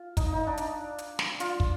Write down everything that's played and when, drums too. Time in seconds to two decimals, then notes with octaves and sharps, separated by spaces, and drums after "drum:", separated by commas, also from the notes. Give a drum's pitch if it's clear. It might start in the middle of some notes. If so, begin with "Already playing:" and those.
Already playing: F4
0.17 D#4, drum: kick, hi-hat
0.32 D#4
0.47 D4
0.57 drum: hi-hat
0.98 drum: hi-hat
1.19 drum: snare
1.40 F4, drum: hi-hat
1.60 drum: kick